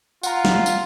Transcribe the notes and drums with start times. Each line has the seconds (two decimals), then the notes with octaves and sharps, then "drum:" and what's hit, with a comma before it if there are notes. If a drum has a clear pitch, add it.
0.23 F4 F#5 A#5, drum: tambourine
0.45 drum: snare
0.66 drum: tambourine